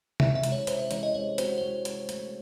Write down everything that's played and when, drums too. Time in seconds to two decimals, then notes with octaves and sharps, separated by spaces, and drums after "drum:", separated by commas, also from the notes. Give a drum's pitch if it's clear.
0.20 C3 E5, drum: tom C3
0.35 E5
0.43 E3 G#3 C#4, drum: hi-hat
0.52 C#5
0.67 C3 C5, drum: hi-hat
0.79 C#5
0.91 E3 G#3 C#4 C#5, drum: hi-hat
1.03 D#5
1.15 G#3 C#5
1.38 C4 F#4 C5 C#5, drum: hi-hat
1.58 G#3 C5
1.85 C4 F#4 C#5, drum: hi-hat
2.09 A3, drum: hi-hat